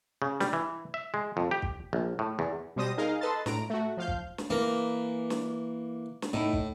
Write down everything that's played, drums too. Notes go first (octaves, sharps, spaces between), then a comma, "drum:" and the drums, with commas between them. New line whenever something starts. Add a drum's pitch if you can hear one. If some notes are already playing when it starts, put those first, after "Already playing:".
C#3
G3, drum: snare
E3
E5
G#3
F2
G4
drum: kick
A#1
A2
E2
B2 G3 C5 D#6 A#6
D#4 G#4 A#4 D#5 F5
A4 B4 D#5 A5 C6 A6
A2 A#5 D7, drum: snare
A3 F#4
F3 F5 G6
drum: kick
drum: snare
E3 A#3 A#4
drum: snare
drum: snare
A2 D#4 E4
drum: kick